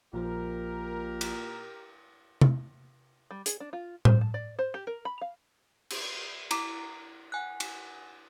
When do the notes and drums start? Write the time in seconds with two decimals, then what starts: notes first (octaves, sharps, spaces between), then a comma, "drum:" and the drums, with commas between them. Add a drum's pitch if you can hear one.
0.13 A#1 A#2 F3 G4 A#4
1.21 drum: cymbal
2.41 drum: tom C3
3.31 G3
3.46 G#4, drum: hi-hat
3.60 D4
3.73 F4
4.05 C5, drum: tom A2
4.21 A5
4.34 D5
4.59 C5
4.74 G4
4.87 A#4
5.05 B5
5.21 F5
5.90 drum: cymbal
6.51 E4 A#5 D6, drum: cymbal
7.32 F#5 G#5 F#6
7.60 drum: cymbal